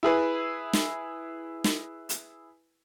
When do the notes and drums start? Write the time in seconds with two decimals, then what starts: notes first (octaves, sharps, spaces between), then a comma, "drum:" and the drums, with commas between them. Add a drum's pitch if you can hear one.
0.03 E4 G#4 B4
0.73 drum: snare
1.64 drum: snare
2.09 drum: hi-hat